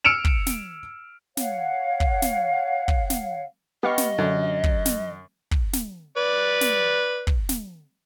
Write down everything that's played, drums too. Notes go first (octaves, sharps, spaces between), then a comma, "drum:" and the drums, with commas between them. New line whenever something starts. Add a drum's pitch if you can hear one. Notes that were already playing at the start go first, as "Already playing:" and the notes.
E6 F6 C#7 D7 E7 F7
drum: kick
drum: snare
C#5 F5 F#5, drum: snare
drum: kick
drum: snare
drum: kick
drum: snare
B3 G4 D#5 F5 C#6
drum: snare
F#2 D3
drum: kick
drum: snare
drum: kick
drum: snare
B4 D5
drum: snare
drum: kick
drum: snare